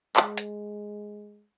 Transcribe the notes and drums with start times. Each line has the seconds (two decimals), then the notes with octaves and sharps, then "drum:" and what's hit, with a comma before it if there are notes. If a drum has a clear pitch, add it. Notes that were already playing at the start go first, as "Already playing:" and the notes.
0.17 G#3, drum: clap
0.37 drum: hi-hat